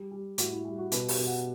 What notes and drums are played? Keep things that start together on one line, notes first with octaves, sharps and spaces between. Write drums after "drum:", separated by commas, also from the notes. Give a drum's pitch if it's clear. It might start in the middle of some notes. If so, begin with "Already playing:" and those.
Already playing: G3
G3
A2 F#4, drum: hi-hat
E4
G3
F#4
B2 B4, drum: hi-hat
G4, drum: open hi-hat
B2
F#5